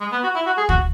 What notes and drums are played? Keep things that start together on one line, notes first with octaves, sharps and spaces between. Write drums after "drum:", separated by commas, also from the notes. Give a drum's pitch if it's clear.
G#3
B3
F#4
E4
F#4
G#4
F#4, drum: kick